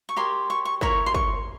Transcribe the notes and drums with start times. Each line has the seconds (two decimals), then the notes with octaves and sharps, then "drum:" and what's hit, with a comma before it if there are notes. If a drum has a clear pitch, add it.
0.09 C#6
0.16 G4 A#4 C#5 C6
0.50 C#6
0.65 C#6
0.81 E4 A#4 C#5 C#6, drum: kick
1.06 C6
1.14 C#6, drum: kick